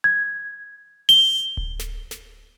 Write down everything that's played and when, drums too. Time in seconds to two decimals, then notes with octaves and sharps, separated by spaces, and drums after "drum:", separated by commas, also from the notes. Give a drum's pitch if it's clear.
0.04 G#6
1.09 G7, drum: open hi-hat
1.57 drum: kick D1
1.79 drum: snare
2.11 drum: snare